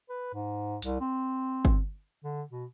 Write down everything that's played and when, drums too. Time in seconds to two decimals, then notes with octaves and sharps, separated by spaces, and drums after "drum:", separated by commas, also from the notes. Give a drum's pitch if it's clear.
0.09 B4
0.34 G#2
0.82 C2, drum: hi-hat
1.01 C4
1.65 drum: kick G1
2.24 D3
2.51 B2